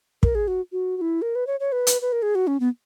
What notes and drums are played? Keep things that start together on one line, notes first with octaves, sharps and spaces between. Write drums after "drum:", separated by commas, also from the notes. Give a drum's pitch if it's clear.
A#4, drum: kick
G#4
F#4
F#4
F#4
E4
A#4
B4
C#5
C#5
B4
drum: hi-hat
B4
A#4
G#4
F#4
C#4
B3